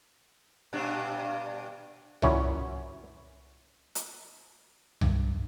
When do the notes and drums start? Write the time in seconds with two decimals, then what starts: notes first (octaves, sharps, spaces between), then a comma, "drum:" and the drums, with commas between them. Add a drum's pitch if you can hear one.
0.73 G2 A#2 D4
2.22 F#2 A#2 C#4 E4 F#4, drum: tom C2
3.95 drum: hi-hat
5.01 G2, drum: tom C2